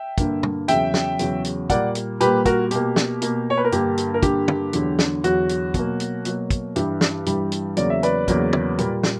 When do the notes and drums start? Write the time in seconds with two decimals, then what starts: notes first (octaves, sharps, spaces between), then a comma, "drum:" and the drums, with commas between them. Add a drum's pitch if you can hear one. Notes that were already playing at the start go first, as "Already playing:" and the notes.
Already playing: E5 G5
0.18 G2 D3 A#3, drum: kick, hi-hat
0.43 drum: tom
0.68 E2 C#3 F#3 E5 G5, drum: hi-hat
0.94 drum: snare
1.19 E2 C#3 F#3, drum: hi-hat
1.44 drum: hi-hat
1.70 A#2 G3 A#3 D5 F#5, drum: kick, hi-hat
1.95 drum: hi-hat
2.21 A#2 G3 A#3 G4 B4, drum: hi-hat
2.45 F#4 A#4, drum: kick, hi-hat
2.71 B2 A#3 G4, drum: hi-hat
2.96 drum: snare
3.22 B2 A#3, drum: hi-hat
3.50 C#5
3.58 B4
3.65 A#4
3.72 G2 D3 A#3 G4, drum: hi-hat
3.97 drum: hi-hat
4.14 A#4
4.23 G2 D3 A#3 G4, drum: kick, hi-hat
4.48 drum: tom
4.73 E2 D3 F#3, drum: hi-hat
4.99 drum: snare
5.24 E2 D3 F#3 F#4, drum: hi-hat
5.49 drum: hi-hat
5.74 B2 F#3 A#3, drum: kick, hi-hat
6.00 drum: hi-hat
6.25 B2 F#3 A#3, drum: hi-hat
6.50 drum: kick, hi-hat
6.76 G2 E3 G3 G4, drum: hi-hat
7.01 drum: snare
7.26 G2 E3 G3, drum: hi-hat
7.52 drum: hi-hat
7.77 E2 C#3 F#3 A#3 D5, drum: hi-hat
7.90 E5
8.03 B4 D5, drum: hi-hat
8.28 E2 C#3 F#3 A#3, drum: kick, hi-hat
8.53 drum: tom
8.78 A#2 G3 A#3, drum: hi-hat
9.03 drum: snare